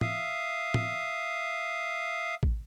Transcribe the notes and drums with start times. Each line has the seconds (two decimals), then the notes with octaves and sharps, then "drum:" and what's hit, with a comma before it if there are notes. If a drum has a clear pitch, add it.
0.01 E5 F5 D#6, drum: tom
0.74 drum: tom
2.43 drum: kick A1